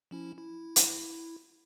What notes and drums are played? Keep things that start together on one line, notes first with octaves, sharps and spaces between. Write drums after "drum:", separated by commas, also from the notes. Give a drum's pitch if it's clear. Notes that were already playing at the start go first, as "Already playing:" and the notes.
F3 C#4 E4
E4
drum: hi-hat